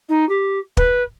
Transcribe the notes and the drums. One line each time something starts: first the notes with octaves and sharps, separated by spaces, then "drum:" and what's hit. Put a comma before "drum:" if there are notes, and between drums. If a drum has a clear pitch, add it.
D#4
G4
B4, drum: kick